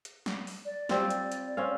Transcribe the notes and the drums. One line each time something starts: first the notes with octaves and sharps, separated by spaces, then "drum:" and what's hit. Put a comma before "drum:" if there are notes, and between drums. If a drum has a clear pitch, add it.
drum: hi-hat
drum: snare
drum: open hi-hat
D5
G3 C4 F4, drum: snare
drum: hi-hat
drum: hi-hat
C4 C#4 F5